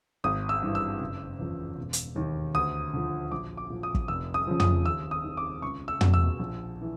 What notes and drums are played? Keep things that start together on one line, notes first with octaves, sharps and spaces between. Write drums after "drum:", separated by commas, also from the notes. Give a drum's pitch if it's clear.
G#1 D#6
E6
G2 E3
E6
F#1
E2 C#3 F3
E1
drum: hi-hat
D#2 D#3
D2 D#6
D3 F3
A#1 D6
D6
A#2 F3
D#6
drum: kick
F1 E6
D#6
F2 C#3 F3
D#6, drum: tom
D#2 E6
D#6
D#3
D6
C#2 C#6
E6
B2, drum: tom
E6
A#1
E3